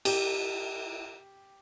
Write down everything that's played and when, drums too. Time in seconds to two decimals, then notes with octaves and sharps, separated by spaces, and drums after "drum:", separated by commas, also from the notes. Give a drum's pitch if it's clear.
0.05 G4, drum: cymbal